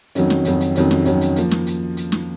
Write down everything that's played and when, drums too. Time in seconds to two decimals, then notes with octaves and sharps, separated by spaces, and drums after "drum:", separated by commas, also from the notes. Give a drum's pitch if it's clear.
0.15 F2 D#3 F#3 C#4, drum: hi-hat
0.30 drum: snare
0.45 F2 D#3 F#3 C#4, drum: hi-hat
0.60 drum: hi-hat
0.75 F2 D#3 F#3 C#4, drum: hi-hat
0.91 drum: snare
1.06 F2 D#3 F#3 C#4, drum: hi-hat
1.21 drum: hi-hat
1.36 F3 A#3, drum: hi-hat
1.51 drum: snare
1.67 drum: hi-hat
1.97 drum: hi-hat
2.12 drum: snare